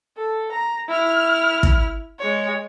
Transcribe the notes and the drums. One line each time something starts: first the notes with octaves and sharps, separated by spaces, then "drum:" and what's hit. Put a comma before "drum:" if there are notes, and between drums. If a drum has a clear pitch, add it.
A4
A#5
E4 F6
drum: kick
G#3 C#5